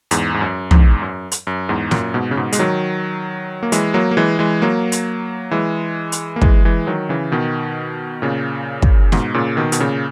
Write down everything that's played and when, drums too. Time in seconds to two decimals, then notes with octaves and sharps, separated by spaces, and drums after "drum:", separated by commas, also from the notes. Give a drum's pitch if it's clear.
0.11 E2 G#2, drum: hi-hat
0.34 G#2
0.41 F#2
0.71 E2 G#2, drum: tom
1.02 F#2
1.32 drum: hi-hat
1.47 F#2
1.69 E2 G#2
1.91 F#2 A#2, drum: snare
2.14 G#2 B2
2.31 C#3
2.37 G#2 B2
2.52 G#3, drum: hi-hat
2.59 D#3 F#3
3.63 A#3
3.72 E3 G#3, drum: hi-hat
3.94 F#3 A#3
4.11 A#3
4.17 E3 G#3
4.39 E3 G#3
4.62 F#3 A#3
4.92 drum: hi-hat
5.51 E3 G#3
6.12 drum: hi-hat
6.36 A#3
6.42 E3 G#3, drum: kick
6.65 E3 G#3
6.87 D#3 F#3
7.09 C#3 E3
7.32 B2 D#3
8.22 A#2 C#3
8.82 drum: kick
9.12 G#2 B2, drum: snare
9.34 A#2 C#3
9.57 B2 D#3
9.72 B2, drum: hi-hat
9.80 A#2 C#3